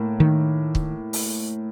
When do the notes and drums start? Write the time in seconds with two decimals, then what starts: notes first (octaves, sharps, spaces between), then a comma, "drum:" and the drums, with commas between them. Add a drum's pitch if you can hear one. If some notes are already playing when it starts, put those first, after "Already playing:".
Already playing: A2 A#3
0.20 D#3
0.75 drum: kick
1.13 drum: open hi-hat